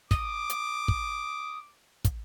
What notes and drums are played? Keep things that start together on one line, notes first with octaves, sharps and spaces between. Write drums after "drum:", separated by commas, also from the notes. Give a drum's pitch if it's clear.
D6 D#6, drum: kick
drum: hi-hat
drum: kick
drum: kick, hi-hat